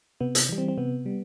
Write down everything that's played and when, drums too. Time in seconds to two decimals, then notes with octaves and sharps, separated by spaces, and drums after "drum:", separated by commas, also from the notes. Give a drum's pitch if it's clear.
0.21 C3 B3
0.35 drum: hi-hat
0.49 E3 G3
0.58 C4
0.68 C4
0.78 C3 B3
1.06 G3